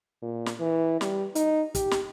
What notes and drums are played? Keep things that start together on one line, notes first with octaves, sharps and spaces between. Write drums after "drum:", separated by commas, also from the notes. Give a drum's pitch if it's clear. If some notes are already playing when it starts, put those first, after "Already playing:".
A#2
drum: snare
E3
G3, drum: snare
D#4, drum: hi-hat
G4, drum: kick, hi-hat
drum: snare